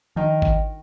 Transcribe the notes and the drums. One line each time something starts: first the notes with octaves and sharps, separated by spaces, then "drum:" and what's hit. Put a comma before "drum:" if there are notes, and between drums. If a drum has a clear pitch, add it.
D#3 F3
drum: kick G#1